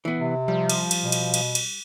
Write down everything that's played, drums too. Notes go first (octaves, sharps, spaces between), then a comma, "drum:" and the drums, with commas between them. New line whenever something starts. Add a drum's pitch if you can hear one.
E3 B3
C3
F3 G3
drum: cymbal
drum: cymbal
B2
drum: cymbal
drum: cymbal
drum: cymbal